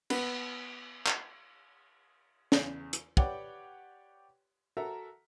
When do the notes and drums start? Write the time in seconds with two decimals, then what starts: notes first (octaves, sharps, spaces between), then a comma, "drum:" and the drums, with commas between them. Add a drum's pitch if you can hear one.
0.10 B3, drum: cymbal
1.06 drum: clap
2.52 E2 C#3, drum: snare
2.93 drum: hi-hat
3.17 G4 B4 C#5 D5 F#5 G5, drum: kick
4.77 F#4 A4 A#4 E5 F#5 A#5